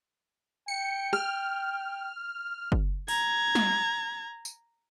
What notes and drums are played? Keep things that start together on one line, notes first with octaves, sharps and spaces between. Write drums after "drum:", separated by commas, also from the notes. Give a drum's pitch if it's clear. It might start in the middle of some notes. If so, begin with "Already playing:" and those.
G5 C#7
F6, drum: rim click
drum: kick F#1
A#5 G#6, drum: open hi-hat
drum: snare
drum: tambourine